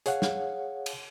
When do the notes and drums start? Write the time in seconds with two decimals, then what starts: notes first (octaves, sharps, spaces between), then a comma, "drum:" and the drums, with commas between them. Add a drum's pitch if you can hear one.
0.06 G#4 C#5 F5 F#5, drum: hi-hat
0.22 drum: snare
0.86 drum: cymbal